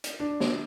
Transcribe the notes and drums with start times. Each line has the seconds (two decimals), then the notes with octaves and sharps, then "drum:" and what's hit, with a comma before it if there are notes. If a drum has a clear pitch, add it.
0.04 drum: hi-hat
0.20 D4
0.40 drum: snare